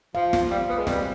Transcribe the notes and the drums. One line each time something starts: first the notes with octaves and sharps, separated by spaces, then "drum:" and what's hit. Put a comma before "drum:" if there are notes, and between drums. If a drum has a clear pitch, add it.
F3 F5
F4, drum: snare
G3 F5
B3 B4
G#3
G3 C4, drum: snare